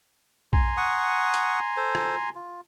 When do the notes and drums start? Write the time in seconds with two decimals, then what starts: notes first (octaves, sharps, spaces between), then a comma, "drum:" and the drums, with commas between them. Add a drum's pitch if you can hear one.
0.53 G#5 A#5 C6, drum: kick A#1
0.77 F#5 C#6 D#6
1.34 drum: hi-hat
1.77 A4 C5
1.95 drum: rim click
2.35 F4